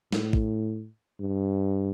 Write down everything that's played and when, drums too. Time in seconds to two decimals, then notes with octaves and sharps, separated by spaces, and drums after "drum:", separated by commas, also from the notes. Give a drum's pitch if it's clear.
0.12 A2, drum: snare
0.33 drum: kick A1
1.20 G2